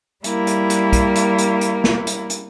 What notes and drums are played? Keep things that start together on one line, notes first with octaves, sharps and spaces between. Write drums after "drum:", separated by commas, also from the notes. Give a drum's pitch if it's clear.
G3 A#3 E4, drum: hi-hat
drum: hi-hat
drum: hi-hat
drum: kick, hi-hat
drum: hi-hat
drum: hi-hat
drum: hi-hat
drum: snare
drum: hi-hat
drum: hi-hat